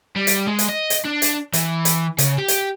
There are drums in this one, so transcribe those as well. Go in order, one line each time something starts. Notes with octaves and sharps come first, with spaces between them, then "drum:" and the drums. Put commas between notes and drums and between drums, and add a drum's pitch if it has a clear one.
G3
drum: hi-hat
G#3
drum: hi-hat
D#5
drum: hi-hat
D4
drum: hi-hat
E3, drum: hi-hat
drum: hi-hat
C#3, drum: hi-hat
G4
drum: hi-hat